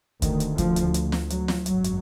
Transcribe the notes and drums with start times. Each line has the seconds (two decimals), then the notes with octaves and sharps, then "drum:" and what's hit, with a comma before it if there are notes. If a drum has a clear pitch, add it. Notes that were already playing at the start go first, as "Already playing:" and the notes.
0.22 D2 D#3, drum: kick, hi-hat
0.40 drum: hi-hat
0.58 F3, drum: kick, hi-hat
0.76 drum: hi-hat
0.94 drum: hi-hat
1.12 drum: snare
1.30 F#3, drum: hi-hat
1.48 drum: snare
1.66 G#1 F#2 F#3, drum: hi-hat
1.84 drum: hi-hat